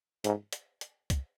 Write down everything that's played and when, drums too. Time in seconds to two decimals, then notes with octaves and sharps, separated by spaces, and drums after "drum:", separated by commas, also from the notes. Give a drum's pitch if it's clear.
0.24 G#2, drum: hi-hat
0.53 drum: hi-hat
0.81 drum: hi-hat
1.10 drum: kick, hi-hat